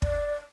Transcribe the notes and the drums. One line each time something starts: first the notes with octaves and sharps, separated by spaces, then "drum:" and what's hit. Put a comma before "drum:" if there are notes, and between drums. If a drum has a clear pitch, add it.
D5, drum: kick